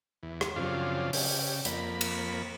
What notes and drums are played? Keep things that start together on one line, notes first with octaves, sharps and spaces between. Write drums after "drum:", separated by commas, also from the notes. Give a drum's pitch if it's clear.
E2
drum: rim click
F#2 C#3 F3 C4 D4 F4
C#3 G4, drum: open hi-hat
F2 A#3 B5, drum: hi-hat
drum: cymbal